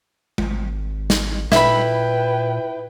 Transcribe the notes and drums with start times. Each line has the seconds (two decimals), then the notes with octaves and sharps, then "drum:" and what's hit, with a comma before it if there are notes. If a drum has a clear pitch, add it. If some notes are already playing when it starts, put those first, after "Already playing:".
0.38 G#1, drum: tom G#3
1.10 drum: snare
1.52 A#2 E4 B4 G5 B5, drum: snare